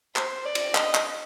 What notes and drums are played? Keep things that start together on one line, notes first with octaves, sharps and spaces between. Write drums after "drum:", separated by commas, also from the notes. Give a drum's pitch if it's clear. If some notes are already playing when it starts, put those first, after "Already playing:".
C5, drum: clap
D5
drum: cymbal
D#5, drum: clap
drum: clap